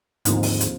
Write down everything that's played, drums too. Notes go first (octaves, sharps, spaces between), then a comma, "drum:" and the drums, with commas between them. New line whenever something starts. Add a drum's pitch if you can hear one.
D#2 G#2 D3 F3 C4, drum: hi-hat
drum: open hi-hat
drum: hi-hat